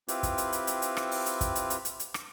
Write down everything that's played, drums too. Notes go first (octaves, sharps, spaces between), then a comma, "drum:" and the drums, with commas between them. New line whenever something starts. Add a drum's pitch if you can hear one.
C4 E4 F4 G4 B4, drum: hi-hat
drum: kick, hi-hat
drum: hi-hat
drum: hi-hat
drum: hi-hat
drum: hi-hat
drum: rim click
drum: open hi-hat
drum: hi-hat
drum: kick, hi-hat
drum: hi-hat
drum: hi-hat
drum: hi-hat
drum: hi-hat
drum: rim click